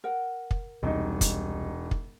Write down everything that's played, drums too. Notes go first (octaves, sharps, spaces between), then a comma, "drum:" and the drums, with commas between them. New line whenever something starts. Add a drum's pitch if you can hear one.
A#4 F#5
drum: kick
E1 C2 C3 G3 D#4
drum: kick, hi-hat
drum: kick